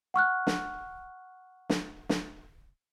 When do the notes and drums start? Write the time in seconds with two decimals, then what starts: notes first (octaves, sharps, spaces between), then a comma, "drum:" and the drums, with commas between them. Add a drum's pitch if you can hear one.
0.14 F#5 C#6 F6 F#6
0.47 drum: snare
1.70 drum: snare
2.09 drum: snare